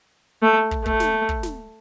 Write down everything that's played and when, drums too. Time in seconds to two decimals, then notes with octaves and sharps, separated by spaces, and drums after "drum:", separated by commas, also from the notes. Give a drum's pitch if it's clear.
0.42 A3
0.71 drum: kick
0.86 A3, drum: kick
1.00 drum: snare
1.29 drum: kick
1.43 drum: snare